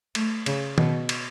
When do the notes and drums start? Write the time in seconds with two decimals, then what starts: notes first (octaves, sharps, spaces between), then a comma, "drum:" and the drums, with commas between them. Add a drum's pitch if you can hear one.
0.15 A3, drum: cymbal
0.46 C#3, drum: cymbal
0.78 B2, drum: tom D#3
1.09 drum: cymbal